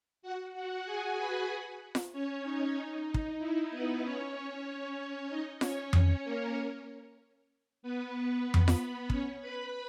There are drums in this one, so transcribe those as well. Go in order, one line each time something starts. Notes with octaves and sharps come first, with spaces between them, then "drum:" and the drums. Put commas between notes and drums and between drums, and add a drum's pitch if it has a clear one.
F#4 F#5
F#4 F#5
G#4 G#5
B4 B5
drum: snare F4
C#4 C#5
D#4
D#4
drum: kick
E4
B3 B4
C#4 C#5
D#4 D#5
C#4 C#5, drum: snare F4
C#4 C#5, drum: tom F2
A#3 A#4
B3 B4
drum: tom F2
drum: snare F4
C#4 C#5, drum: kick
B4 B5